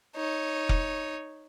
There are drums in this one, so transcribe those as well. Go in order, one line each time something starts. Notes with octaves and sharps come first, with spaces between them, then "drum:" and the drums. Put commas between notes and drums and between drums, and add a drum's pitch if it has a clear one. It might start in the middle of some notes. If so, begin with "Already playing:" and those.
D#4 C#5
drum: kick F1